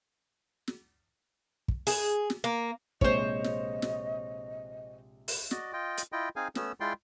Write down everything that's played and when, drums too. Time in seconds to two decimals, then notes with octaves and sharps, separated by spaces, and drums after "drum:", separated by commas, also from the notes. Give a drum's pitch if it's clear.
0.68 drum: snare
1.68 drum: kick
1.87 G#4, drum: open hi-hat
2.30 drum: snare
2.44 A#3
3.01 A#1 C3 G#3 C5 C#5 D#5, drum: kick
3.44 drum: snare
3.82 drum: snare
5.28 drum: open hi-hat
5.51 F#4 D5 D#5, drum: snare
5.73 F4 D#5 G5
5.98 drum: hi-hat
6.12 E4 F4 D#5 G5
6.36 C4 D#4 G#4 F5 G#5
6.55 A3 B3 C#4 E6, drum: snare
6.80 G#3 E4 F4 D5 G5 C6